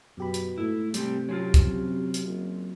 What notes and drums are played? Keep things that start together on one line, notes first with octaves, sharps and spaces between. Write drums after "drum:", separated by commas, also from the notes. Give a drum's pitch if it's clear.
F#2 B2 G4 B5
drum: hi-hat
G#2 A3 E4
C3 G3 C4 G4, drum: hi-hat
F#3 C4 C#4 F4
drum: kick, hi-hat
drum: hi-hat
F#1